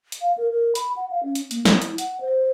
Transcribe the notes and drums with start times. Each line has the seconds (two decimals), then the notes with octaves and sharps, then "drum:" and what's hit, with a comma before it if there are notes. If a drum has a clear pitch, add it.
0.12 drum: hi-hat
0.21 F5
0.38 A#4
0.51 A#4
0.75 B5, drum: hi-hat
0.96 F#5
1.11 F5
1.24 C#4
1.35 drum: hi-hat
1.51 A#3, drum: hi-hat
1.65 E4, drum: snare
1.82 drum: hi-hat
1.98 F#5, drum: hi-hat
2.21 C5